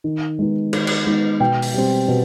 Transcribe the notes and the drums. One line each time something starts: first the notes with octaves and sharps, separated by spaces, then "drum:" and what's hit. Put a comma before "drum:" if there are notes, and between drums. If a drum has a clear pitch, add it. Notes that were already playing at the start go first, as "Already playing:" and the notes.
D#3
G#3 B3 D#4
D#3, drum: cymbal
drum: cymbal
G#3 B3 D#4
B2 G5
drum: open hi-hat
G3 C4
B2